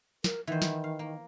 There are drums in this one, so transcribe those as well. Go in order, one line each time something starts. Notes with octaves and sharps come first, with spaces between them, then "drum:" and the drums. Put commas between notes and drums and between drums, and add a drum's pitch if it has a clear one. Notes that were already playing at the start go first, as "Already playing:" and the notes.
A#4, drum: snare
D#3 E3 B3 C5
drum: snare
F5
A#3